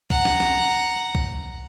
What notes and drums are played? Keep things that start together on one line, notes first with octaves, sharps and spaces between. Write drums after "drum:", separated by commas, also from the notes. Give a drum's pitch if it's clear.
F#5 A#5, drum: kick B1
drum: snare
drum: snare
drum: kick B1